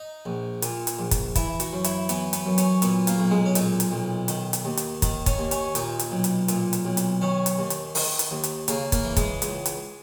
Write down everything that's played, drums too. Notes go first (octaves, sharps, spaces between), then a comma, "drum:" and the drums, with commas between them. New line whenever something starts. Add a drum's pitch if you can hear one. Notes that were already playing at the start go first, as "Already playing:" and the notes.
Already playing: D#4
A#1
A#2, drum: hi-hat
drum: hi-hat
A#1
drum: kick, hi-hat
E3 E4, drum: kick, hi-hat
F#4, drum: hi-hat
F#2
E4, drum: hi-hat
E3 B3, drum: hi-hat
B3, drum: hi-hat
F#2
C#4, drum: hi-hat
A#2 B3, drum: hi-hat
A#3, drum: hi-hat
B1
G#3
C#4
A#2 D#4, drum: hi-hat
drum: hi-hat
B1
D#3, drum: hi-hat
drum: hi-hat
D#2
drum: hi-hat
D#3, drum: kick, hi-hat
C#4, drum: kick, hi-hat
D#2
C#4, drum: hi-hat
A#2 D#4, drum: hi-hat
drum: hi-hat
B1
drum: hi-hat
A#2, drum: hi-hat
drum: hi-hat
B1
drum: hi-hat
D#3 C#4
drum: hi-hat
D#2
drum: hi-hat
D#3, drum: open hi-hat
drum: hi-hat
D#2
drum: hi-hat
C#3 A#3, drum: hi-hat
A#3, drum: kick, hi-hat
E3
G#3, drum: kick, hi-hat
C#2, drum: hi-hat
drum: hi-hat